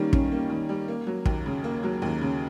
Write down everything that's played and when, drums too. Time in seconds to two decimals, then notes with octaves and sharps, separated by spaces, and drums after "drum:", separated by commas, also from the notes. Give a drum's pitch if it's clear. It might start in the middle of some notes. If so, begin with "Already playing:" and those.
Already playing: D#3 G3 A#3 C#4
0.13 C#4, drum: kick
0.32 A#3
0.50 D#3
0.69 G3
0.88 A#3
1.07 F#3
1.26 D#2, drum: kick
1.46 C#3
1.64 A#3
1.83 F#3
2.02 D#2
2.21 C#3